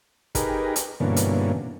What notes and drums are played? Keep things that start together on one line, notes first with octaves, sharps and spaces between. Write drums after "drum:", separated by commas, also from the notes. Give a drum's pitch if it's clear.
D#4 G4 G#4 A#4 B4, drum: kick, hi-hat
drum: hi-hat
G2 B2 D3 E3 A#3 C#4
drum: hi-hat